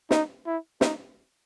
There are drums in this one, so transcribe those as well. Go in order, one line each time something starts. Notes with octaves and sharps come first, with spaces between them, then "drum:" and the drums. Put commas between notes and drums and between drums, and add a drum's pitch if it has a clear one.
D#4, drum: snare
E4
D#4, drum: snare